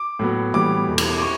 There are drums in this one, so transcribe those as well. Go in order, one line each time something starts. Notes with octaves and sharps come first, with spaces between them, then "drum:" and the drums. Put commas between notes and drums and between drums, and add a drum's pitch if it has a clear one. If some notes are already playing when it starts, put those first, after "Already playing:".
Already playing: D6
A2 F#3 B3
A2 E3 G3 B3 D6
E2 B2 A3
drum: cymbal
D6
C#6